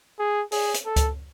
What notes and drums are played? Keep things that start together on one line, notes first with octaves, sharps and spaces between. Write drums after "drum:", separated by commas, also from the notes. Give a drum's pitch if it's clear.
G#4
G#4, drum: open hi-hat
drum: hi-hat
A4
drum: kick C#2, hi-hat